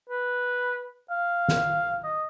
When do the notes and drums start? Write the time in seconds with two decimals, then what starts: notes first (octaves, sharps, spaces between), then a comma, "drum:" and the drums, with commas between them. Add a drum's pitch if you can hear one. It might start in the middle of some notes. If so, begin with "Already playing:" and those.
0.09 B4
1.10 F5
1.48 drum: snare
2.04 D#5